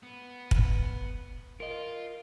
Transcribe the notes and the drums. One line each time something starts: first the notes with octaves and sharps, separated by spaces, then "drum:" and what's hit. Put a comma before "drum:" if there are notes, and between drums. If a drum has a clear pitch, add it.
B3
drum: kick
F4 A#4 D#5